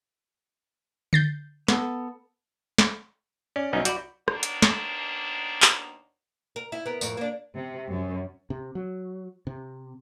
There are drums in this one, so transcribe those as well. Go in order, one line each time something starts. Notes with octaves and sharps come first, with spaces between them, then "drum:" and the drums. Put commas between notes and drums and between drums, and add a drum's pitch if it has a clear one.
G6 A6 C7, drum: tom D3
B3 A4, drum: snare
drum: snare
C#4 D5
C2 F#3 B3 C#4 D#4 D#5
F#4 D5 B5 G6, drum: hi-hat
D#2 B2 A#3 D4, drum: rim click
drum: hi-hat
drum: snare
drum: clap
A#4
E4
B3 A#4
F2 A2 A#4, drum: tambourine
A#3 D4
C3
F#2
C3
F#3
C3